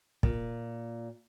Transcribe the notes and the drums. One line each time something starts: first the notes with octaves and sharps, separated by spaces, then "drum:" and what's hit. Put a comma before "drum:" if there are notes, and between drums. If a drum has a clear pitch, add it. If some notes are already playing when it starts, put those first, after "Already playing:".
A#2, drum: kick